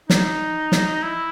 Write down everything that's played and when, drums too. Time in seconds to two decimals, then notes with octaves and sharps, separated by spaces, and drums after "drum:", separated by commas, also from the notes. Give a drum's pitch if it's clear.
0.10 D#4, drum: snare
0.72 drum: snare
1.03 E4